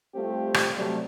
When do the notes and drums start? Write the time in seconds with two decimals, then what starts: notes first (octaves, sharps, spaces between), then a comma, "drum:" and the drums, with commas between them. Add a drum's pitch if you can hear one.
0.15 G3 A3 C4 F4 G4
0.54 drum: rim click
0.76 C3 F#3 G3 A3 C4